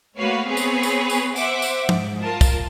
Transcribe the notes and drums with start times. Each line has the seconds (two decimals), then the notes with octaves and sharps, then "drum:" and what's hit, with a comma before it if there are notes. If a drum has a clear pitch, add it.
0.18 A3 A#3 F#4 B4 C#5 F5
0.47 B3 C4 G#4 B4 C#5
0.57 drum: tambourine
0.83 drum: tambourine
1.10 drum: tambourine
1.36 C5 E5 F#5 D6, drum: tambourine
1.62 drum: tambourine
1.89 G#2, drum: tom
2.22 F4 A#4 A5
2.41 drum: kick, tambourine